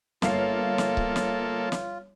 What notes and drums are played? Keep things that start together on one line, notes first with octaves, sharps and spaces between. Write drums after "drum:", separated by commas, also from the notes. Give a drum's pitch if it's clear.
G1 G3 A#3 F4 A4 C#5 F5 C7, drum: snare
drum: snare
drum: kick C#1
drum: snare
drum: snare